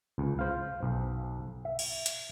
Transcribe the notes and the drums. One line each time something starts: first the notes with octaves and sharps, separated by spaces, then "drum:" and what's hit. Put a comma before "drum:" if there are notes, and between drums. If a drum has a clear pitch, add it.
C#2
C5 F5
B1
E5
drum: cymbal
drum: hi-hat